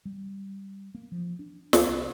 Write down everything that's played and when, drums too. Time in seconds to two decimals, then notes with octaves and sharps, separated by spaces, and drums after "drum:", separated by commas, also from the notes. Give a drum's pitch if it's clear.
0.05 G3
0.95 A#3
1.12 F3
1.39 D4
1.73 D2, drum: snare
1.88 C2